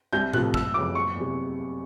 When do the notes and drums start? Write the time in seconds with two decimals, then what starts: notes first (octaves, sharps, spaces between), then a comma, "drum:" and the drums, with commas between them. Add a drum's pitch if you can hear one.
0.13 C2 G6
0.33 C3 F3 A3 F#6, drum: tom A2
0.54 F#1 E6, drum: kick
0.74 F2 C#3 F#3 D6
0.95 F#1 C#6
1.16 E2 C3